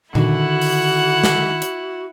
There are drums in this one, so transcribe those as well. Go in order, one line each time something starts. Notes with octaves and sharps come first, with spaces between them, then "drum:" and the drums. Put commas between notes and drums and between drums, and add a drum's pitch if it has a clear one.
D3 D#3 D4 E4 F#4 F#5, drum: tom A#2
drum: open hi-hat
drum: snare
drum: hi-hat